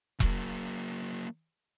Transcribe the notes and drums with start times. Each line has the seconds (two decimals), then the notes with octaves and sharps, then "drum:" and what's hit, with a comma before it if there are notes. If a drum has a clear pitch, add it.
0.20 F#3 A#3, drum: kick E1